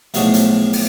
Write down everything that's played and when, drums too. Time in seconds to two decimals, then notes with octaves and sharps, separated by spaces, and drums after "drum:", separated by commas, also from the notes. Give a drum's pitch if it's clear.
0.14 B1 A2 F3 F#4 G#4 D5, drum: hi-hat
0.34 drum: hi-hat
0.73 drum: open hi-hat